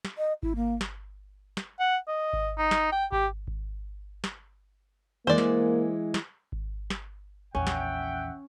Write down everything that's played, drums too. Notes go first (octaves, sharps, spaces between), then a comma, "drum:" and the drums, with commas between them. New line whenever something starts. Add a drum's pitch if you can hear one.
drum: snare
D#5
E4, drum: kick G#1
A#3
drum: snare
drum: snare
F#5
D#5
drum: kick G#1
D#4
drum: snare
G5
G4, drum: kick G#1
drum: kick G#1
drum: snare
E3 G#3 A#3 C5 D5
drum: snare
drum: snare
drum: kick G#1
drum: snare
A#1 E2 C#4 E5 F#5 G5
drum: snare